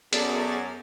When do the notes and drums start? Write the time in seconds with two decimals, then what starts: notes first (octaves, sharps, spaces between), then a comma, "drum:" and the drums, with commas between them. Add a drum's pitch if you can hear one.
0.13 F#2 B3 G#4 A4 D5 A6, drum: hi-hat